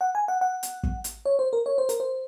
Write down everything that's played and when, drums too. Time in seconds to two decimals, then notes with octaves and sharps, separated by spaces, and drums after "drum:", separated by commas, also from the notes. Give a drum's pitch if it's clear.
0.01 F#5
0.15 G#5
0.28 F#5
0.41 F#5
0.63 drum: hi-hat
0.83 drum: kick
1.04 drum: hi-hat
1.26 C#5
1.39 C5
1.53 A#4
1.66 C#5
1.78 C5
1.89 A#4, drum: hi-hat
2.00 C5